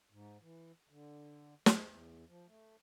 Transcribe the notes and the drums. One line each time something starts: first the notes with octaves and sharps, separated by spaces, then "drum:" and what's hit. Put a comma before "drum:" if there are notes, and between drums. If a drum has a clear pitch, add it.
G#2
E3
D3
G#3, drum: snare
E2
F3
A3